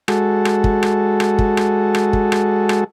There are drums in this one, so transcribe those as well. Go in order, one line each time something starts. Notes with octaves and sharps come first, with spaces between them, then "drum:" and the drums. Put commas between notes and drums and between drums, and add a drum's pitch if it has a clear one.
G#3 F#4 A4, drum: rim click
drum: rim click
drum: kick
drum: rim click
drum: rim click
drum: kick
drum: rim click
drum: rim click
drum: kick
drum: rim click
drum: rim click